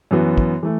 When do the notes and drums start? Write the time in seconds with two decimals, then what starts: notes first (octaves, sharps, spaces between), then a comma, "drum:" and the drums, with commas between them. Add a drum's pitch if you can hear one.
0.11 F#2 E3 B3
0.38 drum: kick
0.63 E3 A3